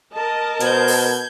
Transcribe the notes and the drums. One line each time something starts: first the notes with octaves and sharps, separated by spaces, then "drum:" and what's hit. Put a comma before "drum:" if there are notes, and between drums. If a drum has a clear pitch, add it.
A#4 D#5 A5
B2 C5 G6 G#6, drum: hi-hat
drum: open hi-hat